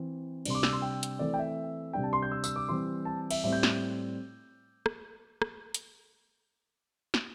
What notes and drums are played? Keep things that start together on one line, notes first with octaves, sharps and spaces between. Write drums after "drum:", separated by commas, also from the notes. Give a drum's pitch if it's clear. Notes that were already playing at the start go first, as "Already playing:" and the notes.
Already playing: E3 C4
C3 G3 D4 C6, drum: cymbal
D6
E6, drum: snare
C6
G5
drum: hi-hat
E3 A3 C4 D5
G5
E5
C3 G3 D4 G5
A5
C6
G6
E6
E6, drum: tambourine
D6
E3 G3 C4 C6
A5
E5, drum: cymbal
A2 G3 C4 E5
G6
drum: snare
drum: rim click
drum: rim click
drum: hi-hat
drum: snare